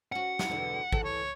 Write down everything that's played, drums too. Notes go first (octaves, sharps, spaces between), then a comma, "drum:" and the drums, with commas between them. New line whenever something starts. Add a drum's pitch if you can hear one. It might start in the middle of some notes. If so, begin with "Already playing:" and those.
C#4 F#4 F#5
drum: snare
E2 B2 D3
E3 A4, drum: kick
C#5